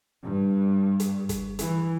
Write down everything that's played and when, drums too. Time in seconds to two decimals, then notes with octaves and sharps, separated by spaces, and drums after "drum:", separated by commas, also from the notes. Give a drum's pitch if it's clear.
0.23 G2
1.00 drum: hi-hat
1.29 drum: kick, hi-hat
1.59 E3, drum: hi-hat